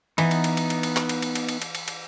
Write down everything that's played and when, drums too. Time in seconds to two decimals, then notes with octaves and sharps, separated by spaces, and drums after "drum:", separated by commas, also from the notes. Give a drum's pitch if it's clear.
0.18 E3 B3 D#4, drum: cymbal
0.31 drum: cymbal
0.44 drum: cymbal
0.57 drum: cymbal
0.70 drum: cymbal
0.83 drum: cymbal
0.96 drum: clap
1.09 drum: cymbal
1.22 drum: cymbal
1.35 drum: cymbal
1.49 drum: cymbal
1.62 drum: cymbal
1.75 drum: cymbal
1.88 drum: cymbal